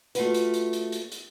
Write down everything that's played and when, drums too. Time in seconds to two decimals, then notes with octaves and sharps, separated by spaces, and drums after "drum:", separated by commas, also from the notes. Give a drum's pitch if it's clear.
0.15 A3 F4 F#4 B4, drum: hi-hat
0.34 drum: hi-hat
0.54 drum: hi-hat
0.73 drum: hi-hat
0.92 drum: hi-hat
1.12 drum: hi-hat